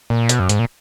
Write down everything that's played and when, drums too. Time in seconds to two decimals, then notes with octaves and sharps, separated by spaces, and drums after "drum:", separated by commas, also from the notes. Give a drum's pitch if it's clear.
0.10 A#2
0.29 B2, drum: hi-hat
0.40 F#2
0.49 G#2, drum: hi-hat
0.59 A#2